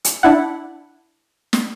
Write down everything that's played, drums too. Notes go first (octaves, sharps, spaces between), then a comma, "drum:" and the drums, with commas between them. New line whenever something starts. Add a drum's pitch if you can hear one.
drum: hi-hat
D4 E4 F#5
drum: snare